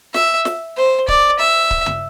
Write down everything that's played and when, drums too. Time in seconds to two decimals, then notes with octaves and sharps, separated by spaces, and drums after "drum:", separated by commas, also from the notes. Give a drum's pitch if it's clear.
0.14 E5, drum: snare
0.45 drum: snare
0.77 C5
1.08 D5, drum: kick C#1
1.39 E5
1.71 drum: kick C#1
1.86 drum: tom